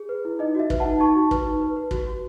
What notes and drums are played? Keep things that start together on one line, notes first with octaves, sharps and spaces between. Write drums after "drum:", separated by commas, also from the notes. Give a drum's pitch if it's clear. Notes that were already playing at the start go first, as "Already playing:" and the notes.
Already playing: G#4
B4
E4
D#4 D#5
F#4 E5
B4, drum: kick
F#5 A5
D#4
D#4 A5 C#6
F#4
B4, drum: kick
D#4
B4
B4
F#4, drum: kick
F#4